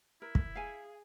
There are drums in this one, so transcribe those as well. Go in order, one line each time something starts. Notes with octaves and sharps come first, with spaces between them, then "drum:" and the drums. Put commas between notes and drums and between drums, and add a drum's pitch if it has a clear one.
E4 A#4
drum: kick
G#4 F5 G#5